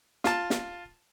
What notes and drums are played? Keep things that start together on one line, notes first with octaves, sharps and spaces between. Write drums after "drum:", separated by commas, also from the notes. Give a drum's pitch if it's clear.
F4 A5, drum: snare
drum: snare